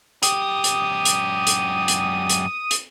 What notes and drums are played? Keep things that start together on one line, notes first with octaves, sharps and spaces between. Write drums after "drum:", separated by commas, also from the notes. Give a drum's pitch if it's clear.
F#2 G4 D#6, drum: hi-hat
drum: hi-hat
drum: hi-hat
drum: hi-hat
drum: hi-hat
drum: hi-hat
drum: hi-hat